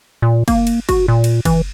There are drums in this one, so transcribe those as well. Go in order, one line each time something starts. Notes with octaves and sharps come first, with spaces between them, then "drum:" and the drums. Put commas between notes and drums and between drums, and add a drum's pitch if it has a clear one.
A#2
A#3, drum: kick, cymbal
drum: cymbal
F#4, drum: kick, cymbal
A#2
drum: cymbal
E3, drum: kick, cymbal